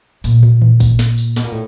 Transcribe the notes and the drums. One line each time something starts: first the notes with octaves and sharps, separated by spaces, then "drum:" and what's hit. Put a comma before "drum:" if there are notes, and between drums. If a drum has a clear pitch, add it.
A#2, drum: tambourine
drum: tom
drum: tom D#3
drum: kick, tambourine
drum: snare
drum: tambourine
B2, drum: snare
A#2
A2